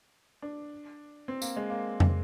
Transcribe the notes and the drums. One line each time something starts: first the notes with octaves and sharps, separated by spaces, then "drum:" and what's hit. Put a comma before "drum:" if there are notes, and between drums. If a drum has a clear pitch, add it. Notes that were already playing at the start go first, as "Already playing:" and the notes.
D4
C4
A#3, drum: tambourine
G#3
A#3
drum: tom F2